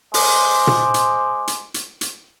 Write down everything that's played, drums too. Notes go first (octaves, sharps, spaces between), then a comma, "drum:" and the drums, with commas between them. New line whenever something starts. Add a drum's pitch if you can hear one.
G#3 C5 C6 D6, drum: open hi-hat
drum: tom A#2
drum: hi-hat
drum: hi-hat
drum: hi-hat
drum: hi-hat